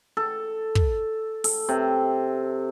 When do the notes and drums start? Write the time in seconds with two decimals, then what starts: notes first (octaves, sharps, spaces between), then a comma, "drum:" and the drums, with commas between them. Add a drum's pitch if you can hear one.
0.17 A4
0.75 drum: kick
1.44 A4, drum: open hi-hat
1.69 C3